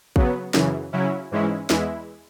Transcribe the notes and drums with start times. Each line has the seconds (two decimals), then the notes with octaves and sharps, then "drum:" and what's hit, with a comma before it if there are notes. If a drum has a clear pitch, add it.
0.16 C#3 F#3 B3, drum: kick
0.54 F#2 C#3 E3, drum: snare
0.93 C#3 F#3 C#4 E4
1.31 G#2 E3 G#3 C#4 E4
1.70 E2 E3 G#3 E4, drum: snare